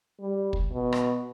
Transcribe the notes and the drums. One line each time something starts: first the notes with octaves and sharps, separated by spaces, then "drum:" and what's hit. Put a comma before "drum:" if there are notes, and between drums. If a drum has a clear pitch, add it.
G3
drum: kick
B2
drum: rim click